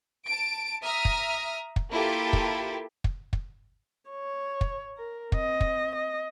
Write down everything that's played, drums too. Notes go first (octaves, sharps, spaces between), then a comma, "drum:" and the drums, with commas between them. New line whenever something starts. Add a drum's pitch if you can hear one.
A5 D7
E5 A#5 D#6 F6
drum: kick
drum: kick
A#3 E4 F4 G4 A4
drum: kick
drum: kick
drum: kick
C#5
drum: kick
A#4
C4 D#5, drum: kick
drum: kick
D#5